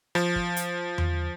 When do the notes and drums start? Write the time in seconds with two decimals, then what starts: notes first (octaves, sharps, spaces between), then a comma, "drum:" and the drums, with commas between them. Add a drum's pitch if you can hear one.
0.15 F3, drum: rim click
0.36 drum: kick
0.57 drum: hi-hat
0.98 drum: tom E2